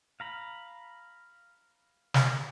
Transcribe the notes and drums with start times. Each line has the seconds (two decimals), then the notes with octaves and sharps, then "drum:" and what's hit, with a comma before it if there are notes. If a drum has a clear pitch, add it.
0.20 F5 A#5 B5
2.14 drum: snare